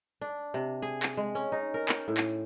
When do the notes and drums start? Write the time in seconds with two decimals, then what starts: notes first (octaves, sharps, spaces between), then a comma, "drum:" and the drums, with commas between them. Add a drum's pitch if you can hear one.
0.21 D4
0.54 C3
0.82 G#4
1.03 drum: clap
1.17 G#3
1.35 C#4
1.52 D#4
1.74 A#4
1.89 G5, drum: clap
2.08 A2
2.17 drum: clap